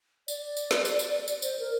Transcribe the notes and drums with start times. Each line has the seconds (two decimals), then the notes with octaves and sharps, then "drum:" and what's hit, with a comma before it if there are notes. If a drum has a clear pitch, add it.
0.28 D5, drum: tambourine
0.57 drum: tambourine
0.71 drum: snare
0.85 drum: tambourine
0.99 drum: tambourine
1.28 drum: tambourine
1.42 C5, drum: tambourine
1.59 A#4